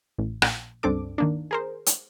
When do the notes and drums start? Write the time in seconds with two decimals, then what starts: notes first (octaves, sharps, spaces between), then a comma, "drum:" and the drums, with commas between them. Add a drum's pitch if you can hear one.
0.18 A1
0.42 A#1, drum: rim click
0.83 C#2 G2 C4 D4 A4 D6
1.18 D#3 A#3 D4
1.51 G#4 A#4 C5
1.86 drum: hi-hat